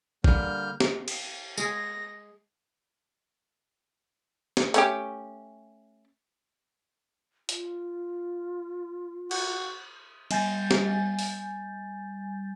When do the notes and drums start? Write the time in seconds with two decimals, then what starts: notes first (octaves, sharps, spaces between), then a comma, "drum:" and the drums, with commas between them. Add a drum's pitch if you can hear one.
0.24 D3 G3 A#3 F6 G6, drum: kick A#1
0.80 drum: snare
1.08 drum: cymbal
1.58 G#3 G#4 A#6, drum: tambourine
4.57 drum: snare
4.74 A3 C#4 G4, drum: hi-hat
7.49 F4, drum: hi-hat
9.31 F#4, drum: cymbal
10.31 G3 G#5 G6 A6, drum: cymbal
10.71 drum: snare
11.19 drum: open hi-hat